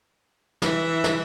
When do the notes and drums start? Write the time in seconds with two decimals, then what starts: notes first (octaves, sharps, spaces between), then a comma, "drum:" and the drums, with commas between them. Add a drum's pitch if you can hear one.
0.62 E3 E5, drum: snare
1.04 drum: snare